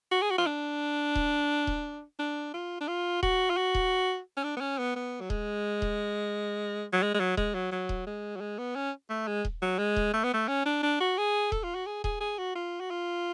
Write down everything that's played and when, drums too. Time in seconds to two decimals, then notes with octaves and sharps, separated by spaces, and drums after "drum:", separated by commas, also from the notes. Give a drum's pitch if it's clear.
0.12 F#4
0.22 G#4
0.30 F#4
0.38 F4
0.47 D4
1.15 drum: kick D#1
1.67 drum: kick D#1
2.19 D4
2.54 F4
2.81 D4
2.88 F4
3.23 F#4, drum: kick D#1
3.50 F4
3.57 F#4
3.75 drum: kick D#1
4.37 C#4
4.44 D4
4.57 B3
4.61 C#4
4.78 B3
4.96 B3
5.20 F#3
5.30 G#3, drum: kick D#1
5.82 drum: kick D#1
6.92 F#3
7.03 G#3
7.14 G#3
7.20 F#3
7.37 G#3, drum: kick D#1
7.55 F#3
7.72 F#3
7.89 drum: kick D#1
8.07 G#3
8.36 F#3
8.41 G#3
8.58 B3
8.76 C#4
9.10 A3
9.27 G#3
9.45 drum: kick D#1
9.62 F#3
9.79 G#3
9.96 drum: kick D#1
10.14 A3
10.24 B3
10.34 A3
10.48 C#4
10.66 D4
10.83 D4
11.00 F#4
11.18 G#4
11.52 A4, drum: kick D#1
11.63 F4
11.75 F#4
11.86 G#4
12.04 G#4, drum: kick D#1
12.21 G#4
12.38 F#4
12.56 F4
12.80 F#4
12.90 F4